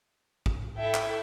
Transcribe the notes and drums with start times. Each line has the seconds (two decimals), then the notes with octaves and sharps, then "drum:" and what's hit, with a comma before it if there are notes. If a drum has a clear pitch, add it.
0.46 drum: kick
0.78 E4 A4 E5 G5
0.94 drum: clap